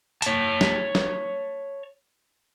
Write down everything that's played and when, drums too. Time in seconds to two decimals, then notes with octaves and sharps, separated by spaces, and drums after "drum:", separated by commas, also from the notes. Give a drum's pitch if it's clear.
0.22 C#5 A5, drum: hi-hat
0.61 drum: snare
0.95 drum: snare